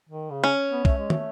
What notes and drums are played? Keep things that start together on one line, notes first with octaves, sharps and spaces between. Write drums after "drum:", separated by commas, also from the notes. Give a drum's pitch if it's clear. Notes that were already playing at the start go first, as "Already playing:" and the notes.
D#3
C#3
C#4
B3
A3, drum: kick
G#3
A3, drum: tom